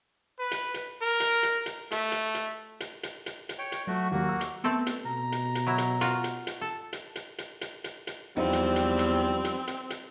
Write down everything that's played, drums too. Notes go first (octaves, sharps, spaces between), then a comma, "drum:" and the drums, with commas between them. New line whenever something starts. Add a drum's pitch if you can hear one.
B4
drum: hi-hat
drum: hi-hat
A#4
drum: hi-hat
drum: hi-hat
drum: hi-hat
A3, drum: hi-hat
drum: hi-hat
drum: hi-hat
drum: hi-hat
drum: hi-hat
drum: hi-hat
drum: hi-hat
C#5 G5
drum: hi-hat
F#3 A3 F#4
D#2 F#3 A#3 F#4
E6
drum: hi-hat
A3 B3 C4 A4
drum: hi-hat
B2 A#5
drum: hi-hat
drum: hi-hat
F#3 E4
drum: hi-hat
F4 F#4, drum: hi-hat
drum: hi-hat
drum: hi-hat
A4
drum: hi-hat
drum: hi-hat
drum: hi-hat
drum: hi-hat
drum: hi-hat
drum: hi-hat
E2 F3 G3 B3 C4 D#4
drum: hi-hat
drum: hi-hat
drum: hi-hat
drum: hi-hat
drum: hi-hat
drum: hi-hat